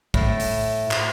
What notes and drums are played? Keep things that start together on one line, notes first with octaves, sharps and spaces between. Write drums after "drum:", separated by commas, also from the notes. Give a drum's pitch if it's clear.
A2, drum: kick
drum: open hi-hat
drum: clap